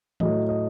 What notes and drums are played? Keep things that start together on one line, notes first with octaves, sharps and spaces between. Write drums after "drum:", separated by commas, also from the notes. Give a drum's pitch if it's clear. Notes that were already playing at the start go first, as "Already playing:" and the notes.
A2 F#3 A3 D#5, drum: tom D#3
D#5